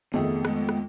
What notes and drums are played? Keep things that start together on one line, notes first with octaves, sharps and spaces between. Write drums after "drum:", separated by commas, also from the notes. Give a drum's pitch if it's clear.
F2 D#3 A3 B3 G#4
G#3, drum: rim click
drum: rim click